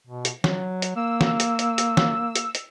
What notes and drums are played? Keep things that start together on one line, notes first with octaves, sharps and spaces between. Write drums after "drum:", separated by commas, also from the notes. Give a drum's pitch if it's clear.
B2
drum: hi-hat
F#3, drum: snare
drum: hi-hat
A#3 E6
drum: snare
drum: hi-hat
drum: hi-hat
drum: hi-hat
drum: snare
drum: hi-hat
drum: hi-hat